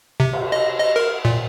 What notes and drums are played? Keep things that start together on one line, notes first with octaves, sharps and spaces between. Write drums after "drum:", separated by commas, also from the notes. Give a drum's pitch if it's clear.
C3
drum: cymbal
D#5
D#5
A#4
A#2